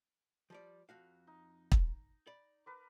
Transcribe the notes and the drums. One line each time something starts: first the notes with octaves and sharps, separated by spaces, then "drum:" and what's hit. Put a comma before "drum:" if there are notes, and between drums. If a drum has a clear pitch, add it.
F3 G3 D5
F2 F#4 F5
D#4
drum: kick
D5 B5
A#4 B4 D5